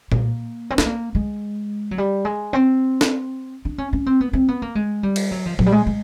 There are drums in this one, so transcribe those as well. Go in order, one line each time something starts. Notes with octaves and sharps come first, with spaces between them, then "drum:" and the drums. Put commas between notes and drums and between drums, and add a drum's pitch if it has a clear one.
A#3, drum: tom A#2
C4
B3, drum: snare
A#3
G#3
F#3
G3
G#3
C4
drum: snare
D4
C#4
C#4
C4
B3
C4
B3
A#3
G#3
G3
drum: cymbal
F#3
F3
F#3, drum: tom A#2
G3
G#3
G#3